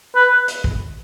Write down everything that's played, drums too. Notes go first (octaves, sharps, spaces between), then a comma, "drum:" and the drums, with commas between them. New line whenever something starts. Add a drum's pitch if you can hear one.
B4
drum: hi-hat
drum: kick